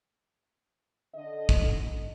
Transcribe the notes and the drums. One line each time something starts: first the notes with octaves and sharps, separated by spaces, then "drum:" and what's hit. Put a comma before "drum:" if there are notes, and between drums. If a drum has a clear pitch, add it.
D3 D#5
drum: kick